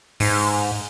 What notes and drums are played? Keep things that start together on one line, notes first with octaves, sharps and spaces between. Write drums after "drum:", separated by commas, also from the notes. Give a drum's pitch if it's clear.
G#2, drum: open hi-hat